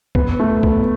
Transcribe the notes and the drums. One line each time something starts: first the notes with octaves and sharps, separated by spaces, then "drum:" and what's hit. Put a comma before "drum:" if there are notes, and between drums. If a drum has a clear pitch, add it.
B3, drum: kick C2
A3
B3, drum: kick C2